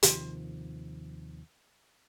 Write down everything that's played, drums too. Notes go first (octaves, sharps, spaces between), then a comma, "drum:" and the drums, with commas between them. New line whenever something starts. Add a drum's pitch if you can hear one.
D#2 C3 D#3 F3, drum: hi-hat